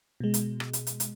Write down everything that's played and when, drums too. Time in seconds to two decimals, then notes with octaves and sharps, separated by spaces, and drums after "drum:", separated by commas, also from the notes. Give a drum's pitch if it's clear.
0.20 B2 G#3
0.34 drum: hi-hat
0.60 drum: rim click
0.73 drum: hi-hat
0.87 drum: hi-hat
1.00 drum: hi-hat